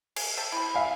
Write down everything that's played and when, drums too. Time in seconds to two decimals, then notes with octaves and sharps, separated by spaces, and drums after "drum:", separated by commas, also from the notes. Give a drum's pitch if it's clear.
0.16 G#4, drum: cymbal
0.37 E5 G5 A5
0.52 C4 E4
0.75 E5 F5 G#5